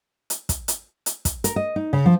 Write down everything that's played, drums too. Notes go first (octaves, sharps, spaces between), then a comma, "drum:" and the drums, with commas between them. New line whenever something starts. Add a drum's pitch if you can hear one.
drum: hi-hat
drum: kick, hi-hat
drum: hi-hat
drum: hi-hat
drum: kick, hi-hat
A#4, drum: hi-hat
D#5
D#4
C#3
F3